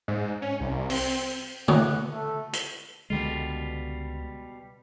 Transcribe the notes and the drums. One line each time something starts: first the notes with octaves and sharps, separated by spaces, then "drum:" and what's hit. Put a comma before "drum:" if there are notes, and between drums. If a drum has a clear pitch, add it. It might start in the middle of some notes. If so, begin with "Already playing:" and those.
G#2
C#4
C2
C4, drum: open hi-hat
F#5, drum: tom
A3
drum: hi-hat
C#2 B2 D3 G3 G#3 F4